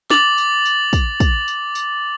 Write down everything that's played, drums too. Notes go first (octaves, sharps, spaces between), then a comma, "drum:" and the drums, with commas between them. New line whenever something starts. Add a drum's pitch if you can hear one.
D6 A6 F#7, drum: snare
drum: tambourine
drum: tambourine
drum: kick, tambourine
drum: kick, tambourine
drum: tambourine
drum: tambourine